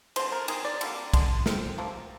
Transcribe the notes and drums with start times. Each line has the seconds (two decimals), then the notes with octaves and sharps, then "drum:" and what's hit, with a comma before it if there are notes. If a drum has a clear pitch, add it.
0.16 D3 G#3 C5, drum: cymbal
0.32 A#4
0.48 D#3 G#3 G#4, drum: cymbal
0.65 D5
0.81 D3 G3 A#3, drum: cymbal
1.14 D3 G#3, drum: kick, cymbal
1.46 C3 D#3, drum: snare
1.78 C3 F3 A#3